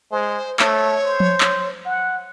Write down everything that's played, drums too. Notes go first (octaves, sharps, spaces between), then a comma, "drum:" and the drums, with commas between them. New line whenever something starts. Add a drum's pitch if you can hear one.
G#3 C5
A3 C#5, drum: clap
C5
drum: tom F3
drum: clap
F#5